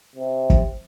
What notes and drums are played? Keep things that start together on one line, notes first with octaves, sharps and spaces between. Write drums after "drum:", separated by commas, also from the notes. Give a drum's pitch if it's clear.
C3
drum: kick